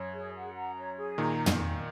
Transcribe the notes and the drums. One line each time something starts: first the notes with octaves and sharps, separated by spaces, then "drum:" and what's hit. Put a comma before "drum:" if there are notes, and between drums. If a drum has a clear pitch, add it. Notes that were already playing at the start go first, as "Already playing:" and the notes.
Already playing: F#2 C#5
G#4
F#5
A#5
C#5
G#4
A#2 D#3 A#5
drum: tom